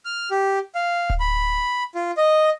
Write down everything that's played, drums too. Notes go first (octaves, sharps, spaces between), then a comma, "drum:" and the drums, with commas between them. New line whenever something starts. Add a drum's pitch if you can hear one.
F6
G4
F5
drum: kick D1
B5
F4
D#5